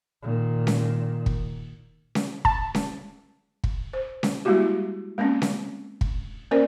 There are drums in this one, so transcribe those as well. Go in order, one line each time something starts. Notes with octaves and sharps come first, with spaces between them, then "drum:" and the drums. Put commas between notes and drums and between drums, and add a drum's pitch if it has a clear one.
A#2 D#3
drum: snare C#4
drum: kick
drum: snare C#4
A5, drum: kick
drum: snare C#4
drum: kick
C5
drum: snare C#4
G3 G#3 A#3 E4 F#4 G4
G#3 A#3 C4 C#4
drum: snare C#4
drum: kick
A#3 C#4 A#4 C5 D5